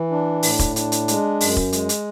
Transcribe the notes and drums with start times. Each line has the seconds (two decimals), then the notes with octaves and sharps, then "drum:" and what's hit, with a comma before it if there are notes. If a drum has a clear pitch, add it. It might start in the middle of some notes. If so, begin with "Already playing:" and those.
Already playing: E3
0.11 D4
0.43 A2, drum: open hi-hat
0.59 drum: kick E1, hi-hat
0.76 D4, drum: hi-hat
0.92 drum: hi-hat
1.08 G#3, drum: hi-hat
1.40 F#2, drum: open hi-hat
1.57 drum: kick E1
1.72 G#3, drum: hi-hat
1.89 drum: hi-hat